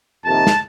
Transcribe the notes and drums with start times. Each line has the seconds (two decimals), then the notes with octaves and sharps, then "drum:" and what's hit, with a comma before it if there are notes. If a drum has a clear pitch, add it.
0.25 F2 C3 D#3 A#3 A5
0.47 drum: snare